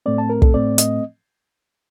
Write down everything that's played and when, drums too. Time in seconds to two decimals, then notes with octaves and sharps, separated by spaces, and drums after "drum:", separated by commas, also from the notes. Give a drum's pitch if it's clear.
0.06 A2 A3 C4 D5
0.18 A5
0.30 A#4
0.42 A4, drum: kick
0.54 A2 A3 C4 D5
0.78 D#5, drum: hi-hat